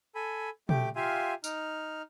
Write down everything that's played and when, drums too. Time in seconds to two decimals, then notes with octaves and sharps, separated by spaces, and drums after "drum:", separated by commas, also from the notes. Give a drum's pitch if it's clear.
0.15 A4 G#5 B5
0.69 A3 G4 G5 D6, drum: tom
0.96 F4 G4 E5 F5 G#5 C6
1.44 D#4 F6, drum: tambourine